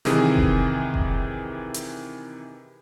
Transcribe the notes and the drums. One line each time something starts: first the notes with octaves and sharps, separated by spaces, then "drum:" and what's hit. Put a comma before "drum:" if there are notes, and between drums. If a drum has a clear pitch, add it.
C3 D#3 E3 G#4, drum: snare
drum: kick F1
drum: kick F1
drum: hi-hat